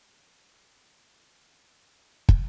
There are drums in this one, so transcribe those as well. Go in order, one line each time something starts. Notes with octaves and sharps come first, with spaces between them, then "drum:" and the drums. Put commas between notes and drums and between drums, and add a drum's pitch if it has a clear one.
B2 E4
A4
drum: kick